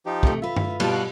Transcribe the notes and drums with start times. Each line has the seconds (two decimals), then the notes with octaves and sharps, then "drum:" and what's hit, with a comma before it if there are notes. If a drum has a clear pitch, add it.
0.06 F3 D#4 G4
0.23 C3 A3, drum: kick
0.42 F4 B4 E5
0.56 drum: tom G2
0.80 B2 G3 F4 A5, drum: cymbal
0.92 F#4 F5 F#6